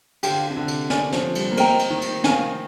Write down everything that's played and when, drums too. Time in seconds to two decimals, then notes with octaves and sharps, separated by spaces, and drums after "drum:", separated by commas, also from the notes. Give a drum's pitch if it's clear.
0.23 D3 G4 C5 F5, drum: cymbal
0.50 C3
0.57 D3
0.68 drum: cymbal
0.90 A#4 D5 G#5, drum: snare
1.12 F3, drum: snare
1.35 G3, drum: cymbal
1.52 A#3
1.57 C4 A#4 D#5 G5 A#5, drum: cymbal
1.79 drum: cymbal
1.90 D#3
2.02 drum: cymbal
2.24 D#3 A#4 F5 G#5, drum: snare